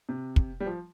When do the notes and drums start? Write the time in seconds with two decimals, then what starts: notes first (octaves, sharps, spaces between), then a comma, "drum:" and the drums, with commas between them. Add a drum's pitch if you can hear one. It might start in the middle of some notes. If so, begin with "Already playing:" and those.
0.09 C3
0.36 drum: kick
0.60 G3
0.66 F3